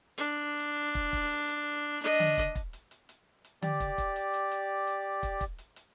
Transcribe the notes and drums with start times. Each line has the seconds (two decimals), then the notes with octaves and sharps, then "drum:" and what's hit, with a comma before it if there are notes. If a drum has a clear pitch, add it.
0.18 D4
0.59 drum: hi-hat
0.95 drum: kick, hi-hat
1.13 drum: kick, hi-hat
1.31 drum: hi-hat
1.48 drum: hi-hat
2.02 D4 D#5, drum: hi-hat
2.20 drum: tom D3
2.38 drum: kick, hi-hat
2.55 drum: kick, hi-hat
2.73 drum: hi-hat
2.91 drum: hi-hat
3.09 drum: hi-hat
3.45 drum: hi-hat
3.62 G4 D5, drum: tom D3
3.80 drum: kick, hi-hat
3.98 drum: kick, hi-hat
4.16 drum: hi-hat
4.34 drum: hi-hat
4.52 drum: hi-hat
4.87 drum: hi-hat
5.23 drum: kick, hi-hat
5.41 drum: kick, hi-hat
5.58 drum: hi-hat
5.76 drum: hi-hat